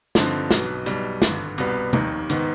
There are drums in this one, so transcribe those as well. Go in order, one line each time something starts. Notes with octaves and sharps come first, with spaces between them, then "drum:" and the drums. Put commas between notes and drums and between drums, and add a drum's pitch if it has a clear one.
G2 D3 F3 C4 D#4, drum: snare
B1 B2 B3, drum: snare
B1 B2 G3, drum: hi-hat
G#1 G2 D3, drum: snare
C2 B2 G3 B3, drum: hi-hat
F1 D#2 D#3, drum: tom
G#2 D#3 B3, drum: hi-hat